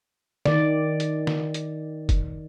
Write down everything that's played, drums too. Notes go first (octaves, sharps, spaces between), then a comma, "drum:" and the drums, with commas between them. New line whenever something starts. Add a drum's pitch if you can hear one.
D#3 D5, drum: snare
drum: hi-hat
drum: snare
drum: hi-hat
drum: kick, hi-hat